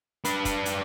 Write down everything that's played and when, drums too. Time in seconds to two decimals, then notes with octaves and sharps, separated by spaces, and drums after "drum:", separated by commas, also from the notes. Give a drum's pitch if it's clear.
0.25 D4 B4, drum: hi-hat
0.45 drum: kick, hi-hat
0.66 drum: hi-hat